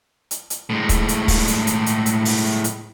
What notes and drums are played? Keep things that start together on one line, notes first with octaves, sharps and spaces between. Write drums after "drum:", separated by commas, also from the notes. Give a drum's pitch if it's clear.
drum: hi-hat
drum: hi-hat
A2 G#3
drum: kick, hi-hat
drum: hi-hat
drum: kick, open hi-hat
drum: hi-hat
drum: hi-hat
drum: hi-hat
drum: hi-hat
drum: open hi-hat
drum: hi-hat